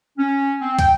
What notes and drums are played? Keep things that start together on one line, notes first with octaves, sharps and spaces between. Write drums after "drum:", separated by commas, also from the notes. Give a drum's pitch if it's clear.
C#4
C4
G5, drum: kick, hi-hat